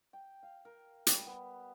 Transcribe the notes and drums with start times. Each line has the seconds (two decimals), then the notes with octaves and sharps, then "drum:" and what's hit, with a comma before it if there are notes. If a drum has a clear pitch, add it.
0.13 G5
0.43 F5
0.65 A#4
1.07 G3, drum: hi-hat
1.27 B3